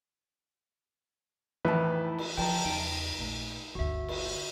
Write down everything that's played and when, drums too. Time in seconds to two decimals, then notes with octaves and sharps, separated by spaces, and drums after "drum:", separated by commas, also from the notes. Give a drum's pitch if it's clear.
1.65 F2 A2 D#3 E3 E4 B4 A5
2.18 drum: cymbal
2.37 D3 F3 G5 A5 A#5, drum: cymbal
2.65 E2 C#3 D#4 D7
3.18 A#1 A3
3.75 G1 D2 F#4 E5
4.08 drum: cymbal